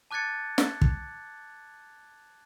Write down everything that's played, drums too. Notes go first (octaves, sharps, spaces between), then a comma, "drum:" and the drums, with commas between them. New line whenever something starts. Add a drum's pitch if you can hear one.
A5 D6 F#6 G#6 A6 C#7
drum: snare
drum: kick